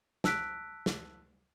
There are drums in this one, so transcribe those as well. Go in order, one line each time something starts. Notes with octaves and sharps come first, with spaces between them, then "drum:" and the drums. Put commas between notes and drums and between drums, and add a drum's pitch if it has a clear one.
A5 E6 F#6 B6 D7, drum: snare
drum: snare